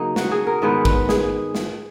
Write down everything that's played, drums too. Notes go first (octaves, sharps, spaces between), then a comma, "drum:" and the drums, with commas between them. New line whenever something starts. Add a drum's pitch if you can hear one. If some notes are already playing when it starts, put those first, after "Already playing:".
Already playing: C#3 F#3 A#3 D#4
F#4, drum: snare
G#4
A#4
G#2 D#3 G#3 B3 B4
B4, drum: kick
G#4, drum: snare
drum: snare